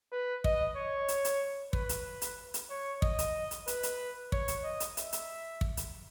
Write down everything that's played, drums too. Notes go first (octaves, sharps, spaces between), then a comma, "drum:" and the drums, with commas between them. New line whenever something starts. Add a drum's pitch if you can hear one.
B4
D#5, drum: kick
C#5
drum: hi-hat
drum: hi-hat
B4, drum: kick
drum: hi-hat
drum: hi-hat
drum: hi-hat
C#5
D#5, drum: kick
drum: hi-hat
drum: hi-hat
B4, drum: hi-hat
drum: hi-hat
C#5, drum: kick
drum: hi-hat
D#5
drum: hi-hat
E5, drum: hi-hat
drum: hi-hat
drum: kick
drum: hi-hat